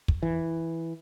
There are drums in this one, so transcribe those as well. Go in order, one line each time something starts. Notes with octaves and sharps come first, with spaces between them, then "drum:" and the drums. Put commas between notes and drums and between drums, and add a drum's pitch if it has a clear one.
drum: kick
E3